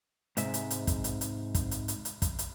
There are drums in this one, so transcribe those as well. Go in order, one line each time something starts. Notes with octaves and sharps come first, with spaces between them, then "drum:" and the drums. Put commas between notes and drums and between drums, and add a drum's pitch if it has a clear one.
G#2 C3 G#3 E5, drum: hi-hat
drum: hi-hat
drum: hi-hat
drum: kick, hi-hat
drum: hi-hat
drum: hi-hat
drum: kick, hi-hat
drum: hi-hat
drum: hi-hat
drum: hi-hat
drum: kick, hi-hat
drum: hi-hat